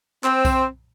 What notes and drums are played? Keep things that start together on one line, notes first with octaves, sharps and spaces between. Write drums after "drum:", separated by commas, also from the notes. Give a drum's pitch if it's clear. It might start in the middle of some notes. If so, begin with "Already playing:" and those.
C4, drum: clap
drum: kick B1, tambourine